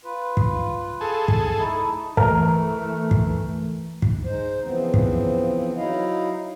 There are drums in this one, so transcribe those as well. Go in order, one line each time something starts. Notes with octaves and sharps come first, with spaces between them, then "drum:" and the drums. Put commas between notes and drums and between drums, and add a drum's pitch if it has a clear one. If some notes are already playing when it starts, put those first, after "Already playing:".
F4 B4
drum: kick
G#4 A4
drum: kick
A3 D#4 E4
E3 A3 A#4, drum: kick
drum: kick
drum: kick
G#3 D#4 C5
C#3 E3 F3 B3 C4
drum: kick
F#3 D#4 E4 D#5 F5